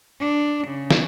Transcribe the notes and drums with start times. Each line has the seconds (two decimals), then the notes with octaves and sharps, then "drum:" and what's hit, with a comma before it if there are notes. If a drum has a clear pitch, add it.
0.20 D4
0.68 C#3
0.90 drum: snare